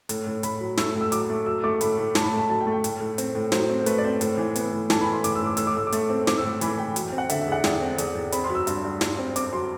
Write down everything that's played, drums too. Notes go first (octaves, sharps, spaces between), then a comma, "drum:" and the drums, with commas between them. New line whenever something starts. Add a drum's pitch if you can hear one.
A2, drum: hi-hat
A2
A2 B5, drum: hi-hat
F#3
A3 E6, drum: snare
A2
E6
F#3 D6, drum: hi-hat
A3
F#3 E6
A3 D6
A2 B5, drum: hi-hat
A2
A2 A5, drum: snare
B5
A5
A3
A5
F#3 A5
G5
A3
G5
A2, drum: hi-hat
A2
C4, drum: hi-hat
A2
F#3 C5, drum: snare
C4
C5
A3 B4, drum: hi-hat
D5
C4 C5
A2 C5, drum: hi-hat
E3
B3, drum: hi-hat
A2
E3 A5, drum: snare
B5
A2
C6
A2 D6, drum: hi-hat
E6
A2
D6
A2 E6, drum: hi-hat
D6
A2 E6
D6
A3, drum: hi-hat
C4
C4 D6, drum: snare
E6
A2
E3 B5, drum: hi-hat
E3 G5
F#3, drum: hi-hat
G5
C4
F#5
D3 E5, drum: hi-hat
E5
E2
F#5
E2 G5, drum: snare
C4
E2, drum: hi-hat
E2
C4 B5, drum: hi-hat
C6
F#3
E6
G2, drum: hi-hat
G2
G2, drum: snare
C4
C4 D6, drum: hi-hat
F#3 C6